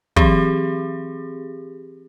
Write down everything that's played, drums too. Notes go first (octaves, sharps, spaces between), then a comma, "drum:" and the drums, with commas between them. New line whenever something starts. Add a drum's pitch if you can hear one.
E3 F#3 C4 G4 G#4 A#5, drum: kick